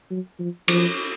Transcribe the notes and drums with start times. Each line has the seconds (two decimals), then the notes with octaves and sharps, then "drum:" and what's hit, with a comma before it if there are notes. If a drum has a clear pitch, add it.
0.10 F#3
0.40 F3
0.68 F3, drum: cymbal